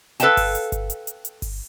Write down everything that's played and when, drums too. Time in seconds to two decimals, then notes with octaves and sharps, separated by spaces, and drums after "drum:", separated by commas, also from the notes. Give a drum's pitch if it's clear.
0.20 A4 B4 E5 F5 G5 A5, drum: hi-hat
0.37 drum: kick G1, open hi-hat
0.55 drum: hi-hat
0.72 drum: kick G1, hi-hat
0.90 drum: hi-hat
1.07 drum: hi-hat
1.25 drum: hi-hat
1.42 drum: kick G1, open hi-hat